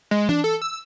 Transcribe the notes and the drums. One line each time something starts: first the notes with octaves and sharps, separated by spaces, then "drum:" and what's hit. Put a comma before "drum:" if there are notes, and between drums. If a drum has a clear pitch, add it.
G#3
D4, drum: tom E3
A4
E6